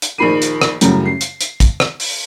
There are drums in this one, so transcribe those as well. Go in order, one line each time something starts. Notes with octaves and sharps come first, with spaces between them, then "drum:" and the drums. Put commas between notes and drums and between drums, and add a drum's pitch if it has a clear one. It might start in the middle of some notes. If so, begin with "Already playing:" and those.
drum: hi-hat
A#1 D#3 F3 B5 C7 D#7
drum: hi-hat
drum: rim click
F#2 A2 C#3 F#3 G3, drum: hi-hat
C7
drum: hi-hat
drum: hi-hat
drum: kick, hi-hat
drum: rim click
drum: open hi-hat